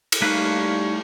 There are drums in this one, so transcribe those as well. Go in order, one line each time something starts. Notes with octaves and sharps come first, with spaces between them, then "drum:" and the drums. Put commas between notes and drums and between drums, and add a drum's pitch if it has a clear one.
drum: cymbal
G3 A3 A#3 D#4 B4 C#5 F5 F#6